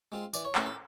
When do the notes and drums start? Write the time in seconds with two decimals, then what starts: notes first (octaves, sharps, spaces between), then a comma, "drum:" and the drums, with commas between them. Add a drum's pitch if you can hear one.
0.12 G#3 C4 F4
0.33 E3 D5, drum: tambourine
0.45 C#5
0.55 A3 C#4 E4 B4, drum: clap
0.66 A4